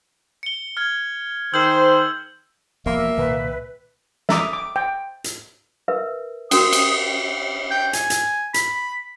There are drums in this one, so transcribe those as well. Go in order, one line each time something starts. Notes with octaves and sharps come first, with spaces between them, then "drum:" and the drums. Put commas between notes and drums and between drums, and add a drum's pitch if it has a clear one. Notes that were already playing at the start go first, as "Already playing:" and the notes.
C#7 G7
F6 G#6
D#3 G#4 C5 E6 G6 F#7
E1 F3 A#3 B3 E5
C2 A#2 D#3 B4
E5 A#5 D6 D#6, drum: snare
D6
G5
drum: hi-hat
A#4 B4 E5
C#4 F#4 A#4 D#6, drum: cymbal
drum: cymbal
G5
G#5, drum: hi-hat
drum: hi-hat
B5, drum: hi-hat